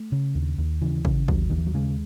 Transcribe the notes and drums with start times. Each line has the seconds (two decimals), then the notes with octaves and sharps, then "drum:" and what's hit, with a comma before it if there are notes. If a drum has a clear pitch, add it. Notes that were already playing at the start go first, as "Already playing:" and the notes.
Already playing: A3
0.12 C#3
0.35 D#2
0.58 D#2
0.81 C#3 E3
1.05 C#3, drum: kick
1.28 D#2 F#3, drum: kick
1.50 D#2 D#3
1.58 E3
1.66 F#3
1.74 C#3 G#3